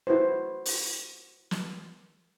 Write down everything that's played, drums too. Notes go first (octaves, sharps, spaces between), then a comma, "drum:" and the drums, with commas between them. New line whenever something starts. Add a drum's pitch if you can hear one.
E4 F#4 B4 C5
drum: open hi-hat
drum: snare